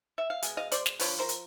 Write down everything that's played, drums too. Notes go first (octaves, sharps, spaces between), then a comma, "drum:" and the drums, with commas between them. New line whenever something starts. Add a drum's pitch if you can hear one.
E5
F5
B2 G#3, drum: hi-hat
D#5 F5
C5 D5, drum: hi-hat
drum: snare
D3 F3 B4 C#5, drum: open hi-hat
A#4 C5
drum: hi-hat